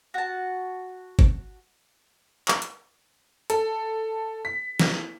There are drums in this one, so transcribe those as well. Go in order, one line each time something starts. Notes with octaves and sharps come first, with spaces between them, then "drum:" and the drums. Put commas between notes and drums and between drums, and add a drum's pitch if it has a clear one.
F#4 A5
drum: kick G1
drum: clap
drum: hi-hat
A4, drum: hi-hat
B6
drum: snare